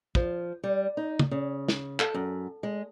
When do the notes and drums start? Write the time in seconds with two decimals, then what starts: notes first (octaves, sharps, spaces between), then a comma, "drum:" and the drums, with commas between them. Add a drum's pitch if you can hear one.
0.15 F3, drum: kick
0.64 G3
0.97 D#4
1.19 drum: tom
1.31 C#3
1.68 drum: snare
2.00 A4, drum: clap
2.14 F#2
2.63 G#3